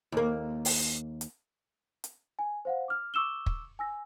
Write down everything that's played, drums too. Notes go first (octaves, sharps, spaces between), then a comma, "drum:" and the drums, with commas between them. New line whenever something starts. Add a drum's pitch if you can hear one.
D#2 A#3
drum: open hi-hat
drum: hi-hat
drum: hi-hat
G#5
C5 F5 F#5
D6 F6
C#6 D6 E6 E7 G7
drum: kick
G#5 E6 A#6